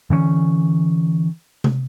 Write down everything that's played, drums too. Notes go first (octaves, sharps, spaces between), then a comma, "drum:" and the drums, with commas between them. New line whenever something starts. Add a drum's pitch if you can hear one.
D3 E3 A3 C#4
drum: tom C3